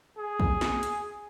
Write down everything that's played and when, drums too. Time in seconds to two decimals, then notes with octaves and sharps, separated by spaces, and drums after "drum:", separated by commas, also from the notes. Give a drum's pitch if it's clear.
0.18 G#4
0.40 drum: kick
0.61 drum: snare
0.83 drum: hi-hat